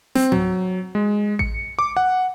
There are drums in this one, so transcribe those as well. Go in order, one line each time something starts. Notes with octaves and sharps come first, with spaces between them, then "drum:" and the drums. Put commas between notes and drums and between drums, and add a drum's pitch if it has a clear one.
C4, drum: snare
F#3, drum: tom G#2
G#3
C#7, drum: kick A1
D6
F#5